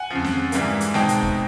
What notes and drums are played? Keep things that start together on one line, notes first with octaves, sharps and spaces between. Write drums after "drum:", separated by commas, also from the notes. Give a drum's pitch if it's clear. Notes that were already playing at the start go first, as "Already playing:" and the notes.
Already playing: F#5 G#5
F2 C#3 F3
drum: snare
G#2 E3 G3 A#3, drum: hi-hat
drum: hi-hat
B2 G#3 C4 D#4 G5 A5, drum: snare
drum: hi-hat
drum: kick